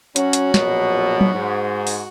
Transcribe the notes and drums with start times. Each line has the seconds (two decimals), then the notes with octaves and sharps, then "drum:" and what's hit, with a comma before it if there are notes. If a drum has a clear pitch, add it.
0.16 F#3 C#4 F#4, drum: hi-hat
0.33 drum: hi-hat
0.54 A#1 F#2 B2, drum: snare
1.21 drum: tom F#3
1.35 G#2
1.87 drum: open hi-hat